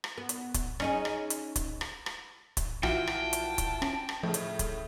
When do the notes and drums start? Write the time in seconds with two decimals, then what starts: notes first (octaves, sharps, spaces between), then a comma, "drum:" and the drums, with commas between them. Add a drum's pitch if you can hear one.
0.04 drum: rim click
0.18 B3
0.29 drum: hi-hat
0.54 drum: kick, hi-hat
0.80 C#4 D#4 G#4, drum: rim click
1.05 drum: rim click
1.30 drum: hi-hat
1.56 drum: kick, hi-hat
1.81 drum: rim click
2.06 drum: rim click
2.57 drum: kick, hi-hat
2.83 A#1 E3 F4 F#4 G5, drum: rim click
3.07 drum: rim click
3.19 A5
3.33 drum: hi-hat
3.58 drum: kick, hi-hat
3.82 C#4, drum: rim click
4.09 drum: rim click
4.23 A2 C#3 F3
4.34 drum: hi-hat
4.59 drum: kick, hi-hat